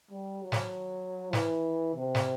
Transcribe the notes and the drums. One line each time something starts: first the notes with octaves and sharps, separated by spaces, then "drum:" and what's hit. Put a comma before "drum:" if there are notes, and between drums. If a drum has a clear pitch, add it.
G3
F#3
drum: snare
E3, drum: snare
C3
drum: snare